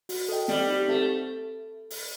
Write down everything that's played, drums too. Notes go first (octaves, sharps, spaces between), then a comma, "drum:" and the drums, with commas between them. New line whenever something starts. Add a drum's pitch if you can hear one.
F#4, drum: open hi-hat
A4 D#5 G5
G3 C4, drum: snare
D#4 G4
A3 C4
drum: open hi-hat